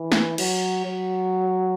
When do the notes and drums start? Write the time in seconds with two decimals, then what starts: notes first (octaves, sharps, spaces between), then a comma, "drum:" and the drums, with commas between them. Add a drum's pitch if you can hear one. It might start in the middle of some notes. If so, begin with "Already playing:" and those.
Already playing: E3
0.12 drum: snare
0.38 F#3, drum: cymbal
0.85 F#3